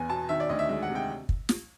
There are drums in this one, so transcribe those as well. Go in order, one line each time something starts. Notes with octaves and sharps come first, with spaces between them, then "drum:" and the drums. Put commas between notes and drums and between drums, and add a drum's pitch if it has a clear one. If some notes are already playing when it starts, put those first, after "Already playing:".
Already playing: E2 B3 G#5
B2 A5
D#3 E5
D5
D2 D#5
E5
G#3 E5
F#5
C3
G5
drum: kick
drum: snare